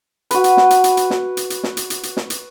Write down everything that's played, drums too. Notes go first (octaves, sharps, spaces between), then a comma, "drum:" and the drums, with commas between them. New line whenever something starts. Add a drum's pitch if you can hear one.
F#4 B4, drum: hi-hat
drum: hi-hat
drum: snare
drum: hi-hat
drum: hi-hat
drum: hi-hat
drum: snare
drum: hi-hat
drum: hi-hat
drum: snare
drum: hi-hat
drum: hi-hat
drum: hi-hat
drum: snare
drum: hi-hat